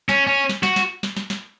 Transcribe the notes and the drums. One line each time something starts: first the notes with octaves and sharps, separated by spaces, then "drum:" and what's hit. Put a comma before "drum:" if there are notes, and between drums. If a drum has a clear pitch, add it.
C#4, drum: snare
C#4
drum: snare
F#4, drum: snare
drum: snare
drum: snare
drum: snare
drum: snare